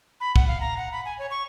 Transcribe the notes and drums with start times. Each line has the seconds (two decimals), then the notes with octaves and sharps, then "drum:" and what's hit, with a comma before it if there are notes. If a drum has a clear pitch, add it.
0.21 B5
0.36 F#5, drum: kick
0.48 F5
0.61 A#5
0.77 F#5
0.92 B5
1.05 G#5
1.19 C#5
1.30 C#6